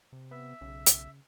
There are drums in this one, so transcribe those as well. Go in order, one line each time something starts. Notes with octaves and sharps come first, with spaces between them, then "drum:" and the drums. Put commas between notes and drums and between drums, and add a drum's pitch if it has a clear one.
C3
B3 E5
B1 C#3
drum: hi-hat